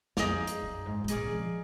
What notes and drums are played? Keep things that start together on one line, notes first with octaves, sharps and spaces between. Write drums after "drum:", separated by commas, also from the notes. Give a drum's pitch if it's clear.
F2 D#4 G#4 D5 F5, drum: snare
drum: hi-hat
F#2
G#2
G#2
A#2 D#4 G#4 D5 F5, drum: hi-hat
F3